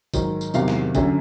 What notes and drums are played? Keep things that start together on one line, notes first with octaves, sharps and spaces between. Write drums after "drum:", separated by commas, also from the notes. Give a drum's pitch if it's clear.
G#2 D#3 F#3, drum: kick, tambourine
drum: tambourine
E2 C3 D#3 F#3 F5, drum: tambourine
drum: snare
F#2 D3 F#3, drum: kick, tambourine